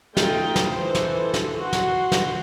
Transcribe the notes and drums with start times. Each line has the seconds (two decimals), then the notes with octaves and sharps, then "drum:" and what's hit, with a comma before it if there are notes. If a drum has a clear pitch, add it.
0.17 A3 D#4 F4 G5, drum: snare
0.56 drum: snare
0.70 E3 A4 C5
0.95 drum: snare
1.34 drum: snare
1.56 F#4 C6
1.73 drum: snare
2.12 drum: snare